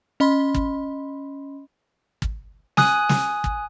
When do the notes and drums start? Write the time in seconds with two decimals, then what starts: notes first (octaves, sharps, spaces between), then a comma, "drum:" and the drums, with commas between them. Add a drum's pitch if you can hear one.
0.20 C#4 D#5 B5 C6
0.54 drum: kick
2.22 drum: kick
2.77 G#5 D#6 F#6, drum: snare
3.09 drum: snare
3.44 drum: kick